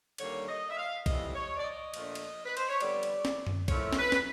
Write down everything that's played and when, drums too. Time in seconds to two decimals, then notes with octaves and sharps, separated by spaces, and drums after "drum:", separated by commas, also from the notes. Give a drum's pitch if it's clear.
0.18 D#2 D3 G3 A#3 C#5, drum: cymbal
0.47 D#5
0.70 E5
0.77 F5
1.06 F2 C3 E3 G3 D#5, drum: kick B1, cymbal
1.35 C#5
1.57 D5
1.64 D#5
1.94 A#2 F3 A3 D4, drum: cymbal
2.15 drum: cymbal
2.45 B4
2.57 C5, drum: cymbal
2.69 C#5
2.80 F2 D3 G3 B3 D5, drum: cymbal
3.03 drum: cymbal
3.25 drum: snare
3.47 drum: tom F#2
3.68 A#2 F3 A3 C#4 E4 C#5, drum: kick B1, cymbal
3.93 A#4, drum: snare
3.98 B4
4.12 drum: snare